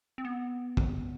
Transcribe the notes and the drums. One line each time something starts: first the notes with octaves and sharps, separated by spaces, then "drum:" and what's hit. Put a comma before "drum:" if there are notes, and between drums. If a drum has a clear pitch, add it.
C4
B3
drum: kick